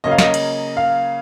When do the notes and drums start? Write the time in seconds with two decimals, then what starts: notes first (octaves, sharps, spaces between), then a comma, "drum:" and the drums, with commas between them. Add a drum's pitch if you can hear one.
0.04 C#3 F#3 A#3 C#4 D#5
0.11 F5
0.18 D#5, drum: snare
0.34 drum: cymbal
0.77 F5